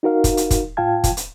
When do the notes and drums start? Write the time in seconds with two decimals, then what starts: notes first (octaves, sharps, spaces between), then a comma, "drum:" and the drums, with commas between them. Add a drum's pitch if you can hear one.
0.03 D#4 F#4 A#4 F5
0.24 drum: kick, hi-hat
0.37 drum: hi-hat
0.51 drum: kick, hi-hat
0.77 A2 F4 F5 G5 A5 G#6
1.04 drum: kick, hi-hat
1.17 drum: hi-hat